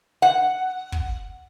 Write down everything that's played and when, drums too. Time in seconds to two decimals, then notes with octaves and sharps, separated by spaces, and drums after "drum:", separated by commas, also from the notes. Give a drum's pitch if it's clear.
0.22 F#5
0.92 drum: kick